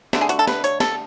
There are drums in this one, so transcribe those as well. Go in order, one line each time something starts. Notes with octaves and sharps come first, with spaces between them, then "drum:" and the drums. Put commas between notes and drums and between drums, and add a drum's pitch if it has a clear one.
D3 A3 F#4, drum: snare
G#4
F#4, drum: hi-hat
A4
B4, drum: snare
C#5, drum: hi-hat
A4, drum: snare